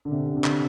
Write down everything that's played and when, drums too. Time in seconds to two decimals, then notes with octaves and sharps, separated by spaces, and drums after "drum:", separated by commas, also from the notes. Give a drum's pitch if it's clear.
0.05 D3
0.11 C3
0.25 C3
0.37 D3
0.44 C3, drum: clap